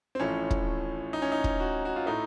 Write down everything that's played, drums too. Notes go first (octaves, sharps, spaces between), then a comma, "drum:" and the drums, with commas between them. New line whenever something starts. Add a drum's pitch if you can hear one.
C4
A1 A2 F3 A3 C#4
drum: kick
D#4
C#4
D#4
drum: kick
F#4
F#4
F4
A2 A3 D#4